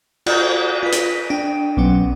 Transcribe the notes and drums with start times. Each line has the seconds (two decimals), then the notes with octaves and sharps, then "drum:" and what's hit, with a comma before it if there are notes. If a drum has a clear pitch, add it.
0.26 F4 F#4 D5, drum: cymbal
0.83 F4 B4 B6
0.92 drum: hi-hat
1.30 D4 G5
1.77 B1 F#3 B3 C#4